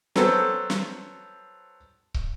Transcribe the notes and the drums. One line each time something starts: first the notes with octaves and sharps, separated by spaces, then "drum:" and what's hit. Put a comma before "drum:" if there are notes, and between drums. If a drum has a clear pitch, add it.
F#3 B3 C4 A4 C5, drum: snare
drum: snare
drum: kick